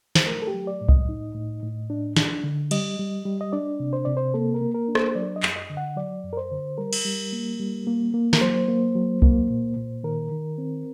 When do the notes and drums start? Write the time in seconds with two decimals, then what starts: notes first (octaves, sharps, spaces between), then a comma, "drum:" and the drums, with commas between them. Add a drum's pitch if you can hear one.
0.15 C5, drum: snare
0.27 A3 A#4
0.42 A4
0.47 G4
0.54 F#3
0.67 D5
0.81 A2
0.89 D#5, drum: kick C2
1.09 D#4
1.35 A2
1.63 A2
1.90 D4
2.16 D4, drum: snare
2.44 D3
2.71 G3 D#5, drum: cymbal
2.99 G3
3.25 G3
3.41 D#5
3.53 D4 D5
3.80 C3
3.93 C5
4.05 C3 D5
4.17 C5
4.34 A#3 A4
4.54 A#4
4.61 A#3
4.74 A#4
4.88 D4
4.95 C5, drum: rim click
5.15 F#3 D5
5.36 D#5
5.43 F#2, drum: clap
5.56 D#5
5.70 D3
5.77 F#5
5.97 F#3 D5
6.24 F#2
6.33 A#4
6.37 C5
6.51 D3
6.78 G3 A#4
6.93 drum: cymbal
7.05 G3
7.33 A#3
7.59 G3
7.87 A#3
8.14 A#3
8.33 A#4, drum: snare
8.41 F#3 C5
8.68 A#3
8.95 F#3
9.22 A#3, drum: kick C2
9.50 A#2
9.77 A#2
10.04 D#3 A#4
10.31 D#3
10.58 C4